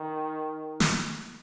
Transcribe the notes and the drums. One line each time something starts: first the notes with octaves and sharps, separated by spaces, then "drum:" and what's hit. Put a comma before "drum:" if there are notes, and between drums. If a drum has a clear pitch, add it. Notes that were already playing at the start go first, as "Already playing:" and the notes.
Already playing: D#3
drum: snare